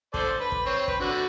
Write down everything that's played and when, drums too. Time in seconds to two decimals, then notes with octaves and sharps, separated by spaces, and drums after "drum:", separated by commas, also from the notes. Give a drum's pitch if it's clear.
0.14 A4 C5 D5, drum: kick
0.40 B4
0.52 drum: kick
0.66 C4 C#5
0.88 B4, drum: kick
1.01 D3 F#4